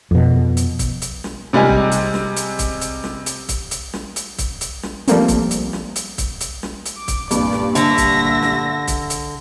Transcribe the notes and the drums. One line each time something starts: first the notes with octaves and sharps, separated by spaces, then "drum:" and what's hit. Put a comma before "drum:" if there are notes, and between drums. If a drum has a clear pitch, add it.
F2 B2
drum: hi-hat
drum: kick, hi-hat
drum: hi-hat
drum: snare
C3 G3 G#3 D#4 G#5
drum: kick
drum: hi-hat
drum: snare
drum: hi-hat
drum: kick, hi-hat
drum: hi-hat
drum: snare
drum: hi-hat
drum: kick, hi-hat
drum: hi-hat
drum: snare
drum: hi-hat
drum: kick, hi-hat
drum: hi-hat
drum: snare
F3 G3 A3 A#3 C4, drum: hi-hat
drum: kick, hi-hat
drum: hi-hat
drum: snare
drum: hi-hat
drum: kick, hi-hat
drum: hi-hat
drum: snare
drum: hi-hat
D6
drum: kick, hi-hat
G2 A#2 D5, drum: hi-hat
drum: snare
D3 E5 A#6, drum: hi-hat
drum: kick, hi-hat
drum: snare
drum: kick, hi-hat
drum: hi-hat